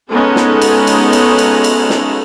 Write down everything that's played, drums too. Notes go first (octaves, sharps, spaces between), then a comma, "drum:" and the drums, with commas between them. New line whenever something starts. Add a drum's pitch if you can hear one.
G#3 B3 C#4 D#4 A4
drum: snare
drum: cymbal
drum: cymbal
drum: cymbal
drum: cymbal
drum: cymbal
drum: snare